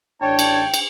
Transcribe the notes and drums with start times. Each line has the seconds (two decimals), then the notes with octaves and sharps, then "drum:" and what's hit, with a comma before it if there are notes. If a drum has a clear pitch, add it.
0.21 A1 D4 C#5 G5 A5
0.39 drum: cymbal
0.74 drum: cymbal